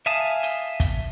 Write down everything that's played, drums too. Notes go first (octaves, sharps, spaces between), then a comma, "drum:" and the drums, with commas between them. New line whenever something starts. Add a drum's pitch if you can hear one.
E5 F5 G#5 A5 D#6
drum: hi-hat
drum: kick, hi-hat